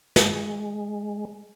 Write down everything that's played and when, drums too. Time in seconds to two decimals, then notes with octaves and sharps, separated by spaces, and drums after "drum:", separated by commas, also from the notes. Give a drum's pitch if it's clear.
0.16 G#3, drum: snare